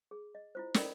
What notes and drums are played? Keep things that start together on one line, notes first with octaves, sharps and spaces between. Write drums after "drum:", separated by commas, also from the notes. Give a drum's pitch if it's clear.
G#4
D#5
E4 F4 C5
C#4 E4 A4 A#4 D5 B5, drum: snare